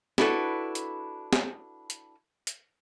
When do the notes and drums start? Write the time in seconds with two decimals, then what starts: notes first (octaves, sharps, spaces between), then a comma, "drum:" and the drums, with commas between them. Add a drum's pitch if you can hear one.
0.18 D4 E4 F#4 A4 B4, drum: snare
0.75 drum: hi-hat
1.33 drum: snare
1.90 drum: hi-hat
2.47 drum: hi-hat